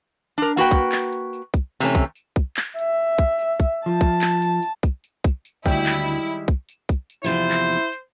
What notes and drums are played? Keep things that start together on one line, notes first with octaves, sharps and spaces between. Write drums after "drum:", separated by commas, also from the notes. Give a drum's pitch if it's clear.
D4 A#4
A#3 F#4 B4 G5
drum: kick, tambourine
drum: clap
drum: tambourine
drum: tambourine
drum: kick, tambourine
C3 E3 A3 C#4
drum: kick, tambourine
drum: tambourine
drum: kick
drum: clap
E5, drum: tambourine
drum: kick, tambourine
drum: tambourine
drum: kick, tambourine
F3 A5
drum: kick, tambourine
drum: clap
drum: tambourine
drum: tambourine
drum: kick, tambourine
drum: tambourine
drum: kick, tambourine
drum: tambourine
D2 G#2 D#3 G3 G#3 E4 G5, drum: kick, tambourine
drum: clap
drum: tambourine
drum: tambourine
drum: kick, tambourine
drum: tambourine
drum: kick, tambourine
drum: tambourine
E2 C3 F3 E4 C5
drum: clap
drum: tambourine
drum: tambourine